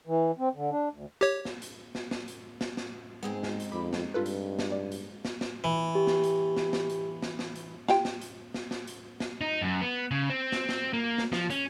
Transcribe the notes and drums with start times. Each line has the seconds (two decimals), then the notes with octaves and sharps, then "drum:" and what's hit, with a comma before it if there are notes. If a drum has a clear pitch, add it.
0.07 E3
0.39 C4
0.55 D3
0.71 D4
0.92 D2
1.21 G4 C#5
1.45 drum: snare
1.62 drum: hi-hat
1.95 drum: snare
2.11 drum: snare
2.28 drum: hi-hat
2.61 drum: snare
2.77 drum: snare
3.23 G#2 G#3 B3 C4 D#4 G#4 G#5
3.43 drum: snare
3.60 drum: hi-hat
3.72 F2 B5 D6
3.93 drum: snare
4.14 G2 F4 A4 B4
4.26 drum: hi-hat
4.59 drum: snare
4.72 D5
4.92 drum: hi-hat
5.25 drum: snare
5.41 drum: snare
5.64 E3
5.95 G4
6.07 drum: snare
6.24 drum: hi-hat
6.57 drum: snare
6.73 drum: snare
6.90 drum: hi-hat
7.23 drum: snare
7.39 drum: snare
7.55 drum: hi-hat
7.88 F4 G4 G5, drum: snare
8.05 drum: snare
8.21 drum: hi-hat
8.54 drum: snare
8.71 drum: snare
8.87 drum: hi-hat
9.20 drum: snare
9.41 D#4
9.62 F#2
9.82 B3
10.11 C#3
10.30 C4
10.52 drum: snare
10.69 drum: snare
10.93 A#3
11.18 drum: snare
11.33 F3, drum: snare
11.50 C#4, drum: hi-hat